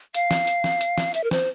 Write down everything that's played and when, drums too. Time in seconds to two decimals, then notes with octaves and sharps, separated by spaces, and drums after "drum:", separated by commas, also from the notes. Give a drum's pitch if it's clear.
0.14 F5, drum: hi-hat
0.31 drum: snare
0.47 drum: hi-hat
0.64 drum: snare
0.81 drum: hi-hat
0.98 drum: snare
1.14 E5, drum: hi-hat
1.24 A#4
1.31 C5, drum: snare